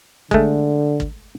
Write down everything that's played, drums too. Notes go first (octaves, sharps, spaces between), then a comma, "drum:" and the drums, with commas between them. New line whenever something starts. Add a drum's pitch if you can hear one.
D3 G#3 A3, drum: kick
drum: kick